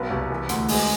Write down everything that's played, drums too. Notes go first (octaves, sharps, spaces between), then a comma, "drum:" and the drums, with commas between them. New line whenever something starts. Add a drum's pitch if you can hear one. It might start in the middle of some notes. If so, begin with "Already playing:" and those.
Already playing: B1 B3
C2
E3
D2, drum: hi-hat
G#3, drum: open hi-hat